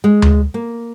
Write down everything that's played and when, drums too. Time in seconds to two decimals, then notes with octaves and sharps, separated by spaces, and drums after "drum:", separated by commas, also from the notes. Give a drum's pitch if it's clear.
0.04 G#3
0.22 drum: tom D2
0.54 A#3